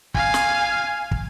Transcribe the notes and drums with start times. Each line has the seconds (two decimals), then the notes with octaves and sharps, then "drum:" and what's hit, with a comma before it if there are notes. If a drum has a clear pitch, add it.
0.14 F5 G#5, drum: kick
0.34 drum: snare
1.11 drum: kick